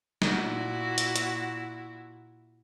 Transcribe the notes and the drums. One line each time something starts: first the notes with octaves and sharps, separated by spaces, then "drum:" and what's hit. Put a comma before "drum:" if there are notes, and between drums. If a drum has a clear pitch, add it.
A#2 E4 F#4, drum: snare
drum: hi-hat
drum: hi-hat